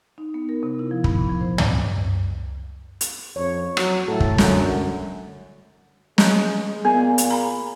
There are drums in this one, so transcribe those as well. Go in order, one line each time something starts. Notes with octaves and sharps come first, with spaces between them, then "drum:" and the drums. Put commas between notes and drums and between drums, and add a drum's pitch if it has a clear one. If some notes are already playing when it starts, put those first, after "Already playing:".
D#4
B3
A#4
C3
E4
F3
B5, drum: kick
A#2
F3
C5
drum: tom
drum: hi-hat
F2 C#5
F#3, drum: rim click
A2 A4
drum: kick
F#2 D3, drum: snare
G#3, drum: snare
A#2 B3 G#4
drum: hi-hat
A#5 B5